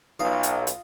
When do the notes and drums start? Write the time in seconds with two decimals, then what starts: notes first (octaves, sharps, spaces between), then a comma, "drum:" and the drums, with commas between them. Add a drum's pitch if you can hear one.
0.19 B1 F4 D#5 F5
0.43 drum: hi-hat
0.67 drum: hi-hat